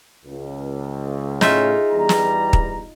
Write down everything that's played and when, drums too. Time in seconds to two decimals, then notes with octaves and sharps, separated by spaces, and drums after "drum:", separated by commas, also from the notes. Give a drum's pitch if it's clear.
0.25 C#2
1.41 A2 C#3 C#4 D#4 F4 G#4 E5, drum: snare
1.92 E2 G3 A#5
2.09 drum: snare
2.53 drum: kick